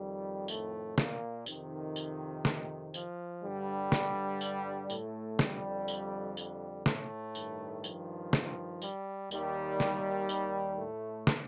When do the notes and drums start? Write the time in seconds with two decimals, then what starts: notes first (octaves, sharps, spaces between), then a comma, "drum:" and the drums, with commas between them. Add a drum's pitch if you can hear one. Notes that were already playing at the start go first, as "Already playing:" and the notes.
Already playing: F2 D#3 G3
0.48 A2 A3, drum: tambourine
0.98 A#2 A#3, drum: snare
1.46 F2 C3 D#3, drum: tambourine
1.96 drum: tambourine
2.45 drum: snare
2.94 F3, drum: tambourine
3.43 G2 D3 G3
3.92 drum: snare
4.41 drum: tambourine
4.90 A2 A3, drum: tambourine
5.39 F2 D3 G3, drum: snare
5.88 drum: tambourine
6.37 G3, drum: tambourine
6.86 A2 A3, drum: snare
7.35 G2 D#3, drum: tambourine
7.84 F3, drum: tambourine
8.33 drum: snare
8.82 G3, drum: tambourine
9.31 D#2 D#3 G3, drum: tambourine
9.80 drum: snare
10.29 drum: tambourine
10.78 A2 A3
11.27 drum: snare